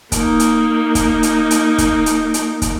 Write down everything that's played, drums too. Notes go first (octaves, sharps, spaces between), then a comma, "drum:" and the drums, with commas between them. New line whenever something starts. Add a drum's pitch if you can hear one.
A#3 D#4, drum: kick, hi-hat
drum: hi-hat
drum: kick, hi-hat
drum: hi-hat
drum: hi-hat
drum: kick, hi-hat
drum: hi-hat
drum: hi-hat
drum: kick, hi-hat